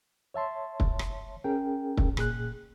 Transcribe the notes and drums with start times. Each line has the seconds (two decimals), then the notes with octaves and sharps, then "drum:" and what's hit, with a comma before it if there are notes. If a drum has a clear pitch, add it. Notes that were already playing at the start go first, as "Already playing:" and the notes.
0.34 C#5 E5 A5 C6
0.80 drum: kick
0.99 drum: rim click
1.44 C#4 G#4 A#4 G5
1.97 drum: kick
2.17 A#2 G#4 F#6, drum: rim click